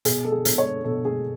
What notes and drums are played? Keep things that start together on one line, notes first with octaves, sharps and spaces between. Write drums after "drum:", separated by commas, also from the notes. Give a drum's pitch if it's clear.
B2 G#4, drum: hi-hat
A4
G#4
B2, drum: hi-hat
C#5
B2 A4
G#4